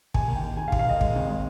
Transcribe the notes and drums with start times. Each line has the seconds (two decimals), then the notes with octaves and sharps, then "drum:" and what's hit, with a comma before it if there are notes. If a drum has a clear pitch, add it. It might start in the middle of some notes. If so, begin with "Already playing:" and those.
0.14 D#2 G#5, drum: kick
0.28 A#3
0.36 G5
0.43 D#2
0.57 D#3 G#5
0.68 F5
0.72 D#2, drum: kick
0.79 F5
0.86 D#2 D#5
1.01 G#3, drum: kick
1.16 G#1
1.30 G#3